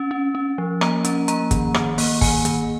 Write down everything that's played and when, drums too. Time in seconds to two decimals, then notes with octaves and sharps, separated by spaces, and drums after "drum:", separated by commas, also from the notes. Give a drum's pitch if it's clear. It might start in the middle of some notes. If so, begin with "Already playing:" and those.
Already playing: C#4
0.11 C#4
0.35 C#4
0.58 F3
0.81 A#3 A#5, drum: rim click
1.05 C#4, drum: hi-hat
1.28 A#3 A#5, drum: hi-hat
1.51 D#3, drum: kick G1, hi-hat
1.74 D#3, drum: rim click
1.98 A#3, drum: open hi-hat
2.21 D#3 G#5, drum: kick G1, open hi-hat
2.45 D#3, drum: hi-hat